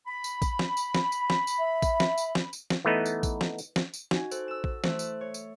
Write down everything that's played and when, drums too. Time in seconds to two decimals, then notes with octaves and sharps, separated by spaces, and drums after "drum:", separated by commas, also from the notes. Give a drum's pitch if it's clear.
0.07 B5
0.24 drum: tambourine
0.42 drum: kick, tambourine
0.59 drum: snare
0.77 drum: tambourine
0.94 drum: snare
1.12 drum: tambourine
1.30 drum: snare
1.47 drum: tambourine
1.59 E5
1.82 drum: kick, tambourine
2.00 drum: snare
2.18 drum: tambourine
2.35 drum: snare
2.53 drum: tambourine
2.70 drum: snare
2.85 E3 A3 B3 D#4
3.06 drum: tambourine
3.23 drum: kick, tambourine
3.41 drum: snare
3.58 drum: tambourine
3.76 drum: snare
3.94 drum: tambourine
4.11 D#4 F#4 G#5, drum: snare
4.31 A4 C5, drum: tambourine
4.48 E6 E7
4.64 drum: kick
4.84 E3 A3 C5 E5, drum: snare
4.99 drum: tambourine
5.21 C#5
5.34 drum: tambourine